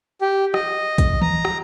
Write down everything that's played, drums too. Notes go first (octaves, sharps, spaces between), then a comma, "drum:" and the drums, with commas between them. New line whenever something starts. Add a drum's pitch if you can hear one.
G4
D#5, drum: rim click
drum: kick, hi-hat
A#5, drum: tom D#3
drum: rim click